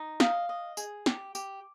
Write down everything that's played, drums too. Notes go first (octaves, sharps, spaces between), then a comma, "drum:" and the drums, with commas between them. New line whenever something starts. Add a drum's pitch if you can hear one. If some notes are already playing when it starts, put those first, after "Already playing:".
Already playing: D#4
D#5 F5, drum: snare
D#5
G#4, drum: tambourine
G4, drum: snare
G4, drum: tambourine